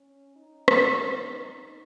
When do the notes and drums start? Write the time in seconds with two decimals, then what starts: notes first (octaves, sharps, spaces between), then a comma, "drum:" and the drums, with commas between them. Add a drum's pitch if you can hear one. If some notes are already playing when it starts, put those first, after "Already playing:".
Already playing: C#4
0.36 D#4
0.68 drum: rim click
1.26 D#4